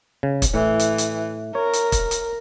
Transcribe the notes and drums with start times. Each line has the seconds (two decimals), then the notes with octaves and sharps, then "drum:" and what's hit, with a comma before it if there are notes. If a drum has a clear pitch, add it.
0.23 C#3
0.42 drum: kick, hi-hat
0.54 A2 E3
0.79 drum: hi-hat
0.98 drum: hi-hat
1.55 A#4 C#5
1.73 drum: hi-hat
1.92 drum: kick, hi-hat
2.11 drum: hi-hat